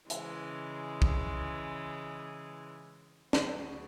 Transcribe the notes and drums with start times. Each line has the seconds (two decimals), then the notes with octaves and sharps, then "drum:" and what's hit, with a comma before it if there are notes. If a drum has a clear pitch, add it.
0.10 C#3 E3 G#3, drum: hi-hat
1.02 drum: kick
3.33 D2 C#3 F#3 B3, drum: snare